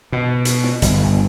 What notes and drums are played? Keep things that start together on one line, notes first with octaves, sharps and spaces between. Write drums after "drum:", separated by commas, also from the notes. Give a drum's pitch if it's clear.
B2
drum: hi-hat
drum: snare
G1, drum: hi-hat